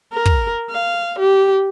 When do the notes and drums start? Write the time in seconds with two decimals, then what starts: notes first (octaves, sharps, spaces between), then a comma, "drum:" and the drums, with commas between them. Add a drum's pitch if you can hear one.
0.12 A#4
0.25 drum: kick
0.70 F5
1.19 G4